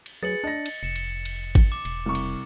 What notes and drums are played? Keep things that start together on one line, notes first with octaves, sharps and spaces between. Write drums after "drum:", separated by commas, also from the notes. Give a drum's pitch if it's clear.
drum: cymbal
F#3 G#4 B4 A6 C#7 F#7
D4 D#5 A#6
drum: cymbal
F1 C#7 E7
drum: cymbal
drum: cymbal
drum: kick G#1, cymbal
D6 E7
E1, drum: cymbal
C2 C#6
drum: cymbal